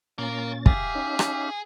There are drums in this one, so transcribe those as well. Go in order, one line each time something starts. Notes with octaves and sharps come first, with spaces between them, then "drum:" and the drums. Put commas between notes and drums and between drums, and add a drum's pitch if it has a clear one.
A#2 A#3 C#4 A6
G4 G#4 E5 F5, drum: kick
C#4 D#4
drum: rim click